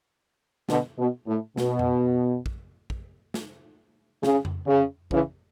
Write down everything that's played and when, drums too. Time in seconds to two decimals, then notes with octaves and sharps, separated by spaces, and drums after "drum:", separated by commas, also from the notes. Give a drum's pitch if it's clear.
0.69 B2 D3, drum: snare
0.99 B2
1.27 A2
1.57 B2, drum: snare
1.79 drum: tom F2
2.46 drum: kick
2.90 drum: kick
3.34 drum: snare
4.23 C#3, drum: snare
4.45 drum: tom F2
4.67 C#3
5.11 C#3 E3, drum: kick